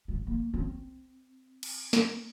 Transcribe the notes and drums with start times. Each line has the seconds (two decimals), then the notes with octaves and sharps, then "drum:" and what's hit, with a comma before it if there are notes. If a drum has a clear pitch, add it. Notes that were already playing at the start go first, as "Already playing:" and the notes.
0.08 G#3
0.27 A#3
0.54 C4
1.63 drum: cymbal
1.93 drum: snare